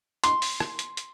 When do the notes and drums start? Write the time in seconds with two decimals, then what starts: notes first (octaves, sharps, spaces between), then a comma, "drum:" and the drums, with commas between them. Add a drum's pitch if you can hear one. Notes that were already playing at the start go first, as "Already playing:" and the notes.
0.24 C6, drum: hi-hat
0.42 drum: open hi-hat
0.60 drum: rim click
0.79 drum: hi-hat
0.97 drum: hi-hat